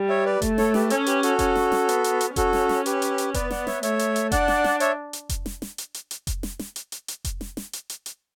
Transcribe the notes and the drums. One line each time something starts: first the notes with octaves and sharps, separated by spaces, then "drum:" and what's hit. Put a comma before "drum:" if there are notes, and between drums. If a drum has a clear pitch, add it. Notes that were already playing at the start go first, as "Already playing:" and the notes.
Already playing: G3
C#5 E5
B4 D5
A3, drum: kick F1, hi-hat
A4 C#5, drum: snare
G4 B4, drum: snare
C#4 A4 C#5, drum: hi-hat
G4 B4, drum: hi-hat
F#4 A4, drum: hi-hat
C#4, drum: kick F1, hi-hat
drum: snare
drum: snare
B3, drum: hi-hat
drum: hi-hat
drum: hi-hat
C#4 F#4 A4, drum: kick F1, hi-hat
drum: snare
drum: snare
G4 B4, drum: hi-hat
drum: hi-hat
drum: hi-hat
B3 B4 D5, drum: kick F1, hi-hat
D5 F#5, drum: snare
C#5 E5, drum: snare
A3 C#5 E5, drum: hi-hat
drum: hi-hat
drum: hi-hat
D4 D5 F#5, drum: kick F1, hi-hat
drum: snare
drum: snare
C#5 E5, drum: hi-hat
drum: hi-hat
drum: kick F1, hi-hat
drum: snare
drum: snare
drum: hi-hat
drum: hi-hat
drum: hi-hat
drum: kick F1, hi-hat
drum: snare
drum: snare
drum: hi-hat
drum: hi-hat
drum: hi-hat
drum: kick F1, hi-hat
drum: snare
drum: snare
drum: hi-hat
drum: hi-hat
drum: hi-hat